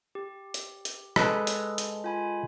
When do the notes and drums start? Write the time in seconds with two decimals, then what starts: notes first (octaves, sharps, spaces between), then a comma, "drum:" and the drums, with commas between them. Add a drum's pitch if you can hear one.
0.15 G4
0.54 drum: hi-hat
0.85 drum: hi-hat
1.16 G#3 A4 B4, drum: rim click
1.47 drum: hi-hat
1.78 drum: hi-hat
2.04 F4 G#5 B5